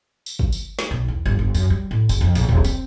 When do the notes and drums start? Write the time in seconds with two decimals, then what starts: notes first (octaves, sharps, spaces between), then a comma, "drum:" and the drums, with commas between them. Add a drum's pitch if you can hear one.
0.26 drum: tambourine
0.39 drum: kick
0.52 drum: tambourine
0.79 drum: snare
0.91 B1
1.08 E2
1.26 G1
1.39 G1
1.55 F#2, drum: tambourine
1.70 G3
1.91 A2
2.09 F#1, drum: tambourine
2.21 F2
2.35 A#1, drum: tambourine
2.49 D#1, drum: kick
2.64 C4, drum: tambourine